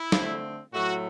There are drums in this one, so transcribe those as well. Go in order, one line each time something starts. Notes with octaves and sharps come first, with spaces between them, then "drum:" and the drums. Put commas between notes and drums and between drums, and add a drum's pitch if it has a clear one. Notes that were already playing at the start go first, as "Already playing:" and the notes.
Already playing: E4
D3 A3 C4, drum: snare
A2 F#3 A3 F#4